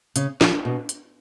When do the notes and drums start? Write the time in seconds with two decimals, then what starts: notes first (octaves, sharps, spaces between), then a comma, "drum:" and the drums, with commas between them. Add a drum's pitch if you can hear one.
0.16 C#3, drum: hi-hat
0.41 F3, drum: snare
0.65 B2
0.89 drum: hi-hat